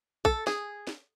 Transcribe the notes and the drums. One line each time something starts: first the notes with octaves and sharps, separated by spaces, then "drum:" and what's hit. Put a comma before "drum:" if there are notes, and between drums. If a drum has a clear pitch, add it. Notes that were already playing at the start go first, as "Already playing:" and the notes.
A4, drum: kick A#1
G#4, drum: snare
drum: snare